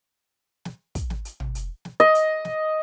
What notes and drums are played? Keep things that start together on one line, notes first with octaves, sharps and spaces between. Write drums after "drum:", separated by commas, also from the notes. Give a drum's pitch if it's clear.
drum: snare
drum: kick, hi-hat
drum: snare
drum: hi-hat
drum: tom
drum: hi-hat
drum: snare
D#5
drum: hi-hat
drum: snare